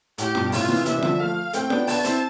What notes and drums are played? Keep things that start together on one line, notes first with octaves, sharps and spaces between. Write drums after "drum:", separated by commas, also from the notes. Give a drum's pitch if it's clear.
A2 G4, drum: hi-hat
G2 B2, drum: snare F4
A2 C3 F4, drum: open hi-hat
C3 E3
C3 E3 E5, drum: hi-hat
G3
D3 F3, drum: snare F4
F3 A3 F5
A3 C4 G5, drum: hi-hat
B3 D4, drum: snare F4
B3 D4 A5, drum: open hi-hat
C4 E4, drum: hi-hat